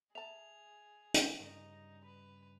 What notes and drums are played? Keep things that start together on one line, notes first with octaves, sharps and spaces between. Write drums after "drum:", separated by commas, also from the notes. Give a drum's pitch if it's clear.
G#4 E5 A5 F7
drum: hi-hat
G2 C#3 D#4
B4